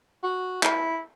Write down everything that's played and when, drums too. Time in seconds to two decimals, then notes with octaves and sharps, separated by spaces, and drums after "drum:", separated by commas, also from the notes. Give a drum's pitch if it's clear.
0.23 F#4
0.63 E4, drum: clap